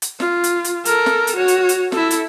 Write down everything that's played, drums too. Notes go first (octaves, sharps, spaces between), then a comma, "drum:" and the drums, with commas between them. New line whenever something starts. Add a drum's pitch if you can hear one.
drum: hi-hat
F4, drum: snare
drum: hi-hat
drum: hi-hat
A4 A#4, drum: hi-hat
drum: snare
drum: hi-hat
F#4 C#5
drum: hi-hat
drum: hi-hat
E4 A4, drum: snare
drum: hi-hat